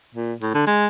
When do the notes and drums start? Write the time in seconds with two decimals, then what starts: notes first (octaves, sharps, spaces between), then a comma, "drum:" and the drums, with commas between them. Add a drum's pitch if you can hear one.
0.15 A#2
0.41 A2, drum: hi-hat
0.54 D3
0.67 G#3, drum: hi-hat